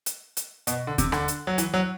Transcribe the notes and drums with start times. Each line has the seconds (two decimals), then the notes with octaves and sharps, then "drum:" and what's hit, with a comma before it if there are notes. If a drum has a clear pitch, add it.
0.06 drum: hi-hat
0.37 drum: hi-hat
0.67 B2, drum: hi-hat
0.87 D3
0.98 C3, drum: kick D#2, hi-hat
1.12 D3, drum: rim click
1.28 drum: hi-hat
1.47 F#3
1.58 E3, drum: hi-hat
1.74 F#3